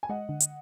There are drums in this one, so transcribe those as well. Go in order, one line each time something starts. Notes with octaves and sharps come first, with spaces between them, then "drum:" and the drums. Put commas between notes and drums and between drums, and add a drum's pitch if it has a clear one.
G#5
G#3 D#5 F#5
D3
drum: hi-hat